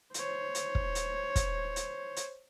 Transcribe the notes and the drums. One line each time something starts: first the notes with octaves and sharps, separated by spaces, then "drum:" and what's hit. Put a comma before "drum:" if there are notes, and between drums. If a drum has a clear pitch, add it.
C5 C#5, drum: hi-hat
drum: hi-hat
drum: kick
drum: hi-hat
drum: kick, hi-hat
drum: hi-hat
drum: hi-hat